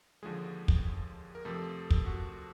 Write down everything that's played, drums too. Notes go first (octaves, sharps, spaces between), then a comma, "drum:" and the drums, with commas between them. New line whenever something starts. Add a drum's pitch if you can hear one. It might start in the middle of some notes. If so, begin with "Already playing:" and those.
D#2 D3 F3 G#3 G#4
drum: kick
A#4
F2 C3 F3 A3 A4
drum: kick
F#4